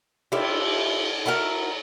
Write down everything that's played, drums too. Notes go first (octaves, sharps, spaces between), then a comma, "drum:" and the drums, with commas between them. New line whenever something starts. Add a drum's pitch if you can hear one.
E4 F4 G4, drum: cymbal
E4 F#4 A4 A#4